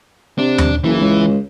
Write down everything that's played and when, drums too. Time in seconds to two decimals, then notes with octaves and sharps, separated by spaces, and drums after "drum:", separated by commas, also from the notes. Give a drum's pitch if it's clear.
0.39 C3 D4
0.58 drum: tom D#2
0.84 F#1 E3
1.01 C#2